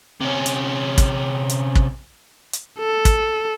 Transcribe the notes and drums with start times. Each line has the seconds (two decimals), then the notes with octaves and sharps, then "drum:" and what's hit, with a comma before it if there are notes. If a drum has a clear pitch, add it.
0.21 C3 C#4
0.46 drum: hi-hat
0.98 drum: kick, hi-hat
1.49 drum: hi-hat
1.75 drum: kick
2.53 drum: hi-hat
2.79 A4
3.05 drum: kick, hi-hat